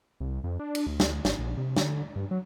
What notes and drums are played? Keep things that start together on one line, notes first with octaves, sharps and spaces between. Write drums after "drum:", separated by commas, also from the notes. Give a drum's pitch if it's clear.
C2
F2
D4
drum: cymbal
D2
drum: snare
G#1, drum: snare
A#1
C3
D3, drum: snare
G2
F#3